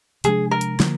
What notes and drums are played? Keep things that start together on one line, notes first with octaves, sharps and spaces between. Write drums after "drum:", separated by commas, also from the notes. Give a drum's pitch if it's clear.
C3 F3 G#3 D4 G#4, drum: hi-hat
A#4
drum: hi-hat
D3 F3 A#3, drum: snare